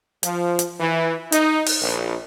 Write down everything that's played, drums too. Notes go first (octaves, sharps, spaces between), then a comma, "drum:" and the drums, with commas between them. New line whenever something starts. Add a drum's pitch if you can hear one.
F3, drum: hi-hat
drum: hi-hat
E3
D#4, drum: hi-hat
drum: open hi-hat
A#1